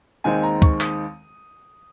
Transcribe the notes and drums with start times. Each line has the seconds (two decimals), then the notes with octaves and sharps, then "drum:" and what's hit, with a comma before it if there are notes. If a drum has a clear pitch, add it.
0.24 D#2 D#3 G#3 C4 D#4 G#5
0.43 A#5
0.62 C#6, drum: kick
0.81 D#6, drum: clap